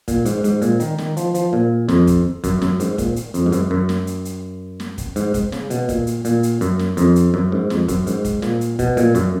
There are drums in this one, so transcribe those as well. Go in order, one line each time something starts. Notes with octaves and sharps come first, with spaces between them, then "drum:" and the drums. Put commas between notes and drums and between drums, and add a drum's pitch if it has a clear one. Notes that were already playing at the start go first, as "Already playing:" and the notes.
A#2, drum: kick, hi-hat
G#2, drum: hi-hat
G#2, drum: hi-hat
A#2, drum: hi-hat
D#3, drum: hi-hat
D#3, drum: snare
F3, drum: hi-hat
F3, drum: hi-hat
A#2
F2, drum: snare
drum: kick, hi-hat
F#2, drum: kick, hi-hat
F#2, drum: snare
G#2, drum: hi-hat
A#2, drum: kick, hi-hat
drum: hi-hat
F2, drum: hi-hat
G#2
F#2, drum: hi-hat
F#2
drum: snare
drum: hi-hat
drum: hi-hat
drum: snare
drum: kick, hi-hat
G#2, drum: hi-hat
drum: kick, hi-hat
C#3, drum: snare
B2, drum: hi-hat
A#2, drum: kick, hi-hat
drum: hi-hat
A#2, drum: hi-hat
drum: hi-hat
F#2, drum: hi-hat
drum: snare
F2, drum: hi-hat
drum: hi-hat
F#2
G#2
F2, drum: snare
F#2, drum: kick, hi-hat
G#2, drum: hi-hat
drum: kick, hi-hat
A#2, drum: snare
drum: hi-hat
B2, drum: kick, hi-hat
A#2, drum: hi-hat
F#2, drum: hi-hat